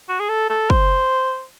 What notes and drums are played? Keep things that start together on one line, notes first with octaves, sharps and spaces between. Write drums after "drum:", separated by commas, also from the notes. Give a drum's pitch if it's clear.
F#4
G#4
A4
A4
C5, drum: kick